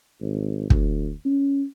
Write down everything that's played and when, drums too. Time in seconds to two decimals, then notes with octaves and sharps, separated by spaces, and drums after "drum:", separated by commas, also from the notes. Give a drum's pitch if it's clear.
0.21 G#1
0.70 D2, drum: kick
1.25 C#4